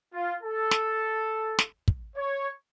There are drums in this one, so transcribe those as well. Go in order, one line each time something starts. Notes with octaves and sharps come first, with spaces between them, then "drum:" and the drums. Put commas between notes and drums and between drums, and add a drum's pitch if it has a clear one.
F4
A4
drum: snare
drum: snare
drum: kick
C#5